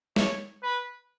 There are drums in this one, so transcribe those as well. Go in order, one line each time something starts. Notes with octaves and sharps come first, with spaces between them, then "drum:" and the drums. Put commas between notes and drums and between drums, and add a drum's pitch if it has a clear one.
C#5, drum: snare
B4